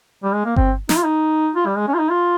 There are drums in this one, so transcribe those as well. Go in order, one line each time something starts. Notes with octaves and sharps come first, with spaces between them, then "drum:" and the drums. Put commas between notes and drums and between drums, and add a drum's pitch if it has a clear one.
G3
G#3
A#3
C4, drum: kick G1
D#4, drum: snare
F4
D#4
F4
G3
G#3
C#4
F4
D#4
F4